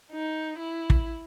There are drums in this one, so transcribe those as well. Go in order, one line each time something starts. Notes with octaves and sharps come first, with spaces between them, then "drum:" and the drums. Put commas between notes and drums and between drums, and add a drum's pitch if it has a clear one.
D#4
E4
drum: kick